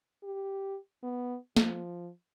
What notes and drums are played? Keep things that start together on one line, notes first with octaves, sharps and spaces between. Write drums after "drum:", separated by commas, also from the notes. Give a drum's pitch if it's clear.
G4
B3
F3, drum: snare